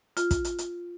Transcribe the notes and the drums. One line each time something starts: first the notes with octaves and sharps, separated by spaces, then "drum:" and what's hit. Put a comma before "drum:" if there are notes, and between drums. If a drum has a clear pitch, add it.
F4, drum: hi-hat
drum: kick, hi-hat
drum: hi-hat
drum: hi-hat